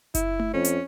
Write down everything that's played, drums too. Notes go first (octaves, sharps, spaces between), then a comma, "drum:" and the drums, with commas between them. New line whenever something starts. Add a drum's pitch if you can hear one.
E4, drum: kick F#1, hi-hat
drum: tom A3
F2 C#4
drum: hi-hat